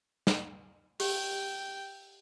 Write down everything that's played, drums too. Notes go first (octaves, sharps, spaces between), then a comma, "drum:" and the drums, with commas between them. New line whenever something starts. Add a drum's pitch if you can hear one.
drum: snare
G4 G5, drum: open hi-hat